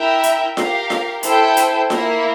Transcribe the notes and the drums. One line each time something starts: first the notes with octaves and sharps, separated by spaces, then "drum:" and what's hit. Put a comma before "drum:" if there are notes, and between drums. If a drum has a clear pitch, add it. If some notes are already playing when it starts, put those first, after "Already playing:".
Already playing: E4 A#4 E5 G5
drum: hi-hat
G4 A#4 F5, drum: snare F4
drum: snare F4
E4 A4 C5 G5, drum: hi-hat
drum: hi-hat
A#3 E4 A#4, drum: snare F4